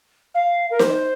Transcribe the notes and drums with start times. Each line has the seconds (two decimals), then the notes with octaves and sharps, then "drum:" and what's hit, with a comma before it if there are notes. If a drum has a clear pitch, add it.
0.34 F5
0.70 A#4
0.79 C5, drum: snare